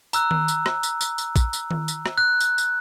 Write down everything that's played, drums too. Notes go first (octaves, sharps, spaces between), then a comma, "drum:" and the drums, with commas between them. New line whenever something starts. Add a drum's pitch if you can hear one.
A#5 E6 F#6, drum: tambourine
drum: tom D#3
drum: tambourine
drum: rim click
drum: tambourine
drum: tambourine
drum: tambourine
drum: kick, tambourine
drum: tambourine
drum: tom D#3
drum: tambourine
drum: rim click
F#6
drum: tambourine
drum: tambourine